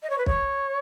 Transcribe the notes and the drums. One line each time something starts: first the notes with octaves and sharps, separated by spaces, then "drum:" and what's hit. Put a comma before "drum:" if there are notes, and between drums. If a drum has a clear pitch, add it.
D#5
C#5
B4
C#5, drum: kick